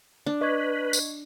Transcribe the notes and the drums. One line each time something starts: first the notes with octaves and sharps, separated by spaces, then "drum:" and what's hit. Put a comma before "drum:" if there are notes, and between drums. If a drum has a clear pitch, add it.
D4
B4 D#5 C#6 G#6
drum: tambourine